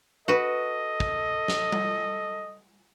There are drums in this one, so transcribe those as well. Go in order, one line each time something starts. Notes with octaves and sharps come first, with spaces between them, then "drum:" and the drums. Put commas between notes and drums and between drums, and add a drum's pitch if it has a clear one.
F#4 A4 B4 D#5
drum: kick
drum: snare
drum: tom G3